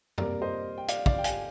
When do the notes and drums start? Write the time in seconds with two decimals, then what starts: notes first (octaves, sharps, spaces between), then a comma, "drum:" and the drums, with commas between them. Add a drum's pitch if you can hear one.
0.18 C3 G3 A#3 A#4 D5, drum: tom F#2
0.42 C5 D#5
0.78 G5
0.88 D5 F5, drum: hi-hat
1.06 D5 F5, drum: kick
1.18 G5
1.24 F5 G#5, drum: hi-hat